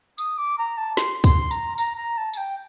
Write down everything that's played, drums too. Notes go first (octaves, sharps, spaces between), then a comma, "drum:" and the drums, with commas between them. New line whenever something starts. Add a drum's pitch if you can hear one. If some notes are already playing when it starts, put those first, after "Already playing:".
D#6, drum: tambourine
D6
A#5
A5
C6, drum: snare
C6, drum: kick, tambourine
A#5, drum: tambourine
A#5, drum: tambourine
A#5
A5
A5, drum: tambourine
G5